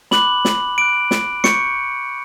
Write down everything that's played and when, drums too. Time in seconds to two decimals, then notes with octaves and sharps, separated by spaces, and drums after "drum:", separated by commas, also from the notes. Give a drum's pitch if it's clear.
0.11 B5 D6 F#6 F#7, drum: snare
0.45 drum: snare
0.78 B5 D6 F#6 D7
1.11 drum: snare
1.44 C#6 G6 C#7, drum: snare